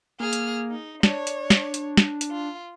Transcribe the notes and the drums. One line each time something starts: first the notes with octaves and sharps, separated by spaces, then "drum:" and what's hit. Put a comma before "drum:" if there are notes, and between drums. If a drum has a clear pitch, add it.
A#3 G#4 F6
drum: hi-hat
D#4
D4 C#5, drum: snare
drum: hi-hat
drum: snare
drum: hi-hat
drum: snare
drum: hi-hat
F4